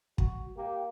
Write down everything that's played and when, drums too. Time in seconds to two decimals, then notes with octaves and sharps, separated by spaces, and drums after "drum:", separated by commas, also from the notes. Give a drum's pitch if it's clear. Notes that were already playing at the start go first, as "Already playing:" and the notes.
0.18 F#4, drum: kick
0.57 A#3 G4